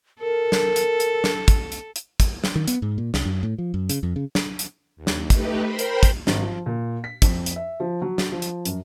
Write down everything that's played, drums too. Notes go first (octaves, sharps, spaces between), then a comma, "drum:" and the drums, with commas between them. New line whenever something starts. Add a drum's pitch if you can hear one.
A4 A#4
drum: snare
drum: hi-hat
drum: hi-hat
drum: snare
drum: kick, hi-hat
drum: hi-hat
drum: hi-hat
drum: kick, hi-hat
drum: snare
D#3
B3, drum: hi-hat
G#2
A#2
C2, drum: snare
F#2
A2
F3
F#2
C#3, drum: hi-hat
F2
C#3
drum: snare
drum: hi-hat
D#2
drum: snare
A3 D#4 G4 B4, drum: kick, hi-hat
A#4 C5 G5 B5 C6
drum: hi-hat
drum: kick, hi-hat
G#1, drum: snare
F3
A#2
B6
F2, drum: kick, hi-hat
drum: hi-hat
E5
F3
F#3
drum: snare
F3
drum: hi-hat
F#2, drum: hi-hat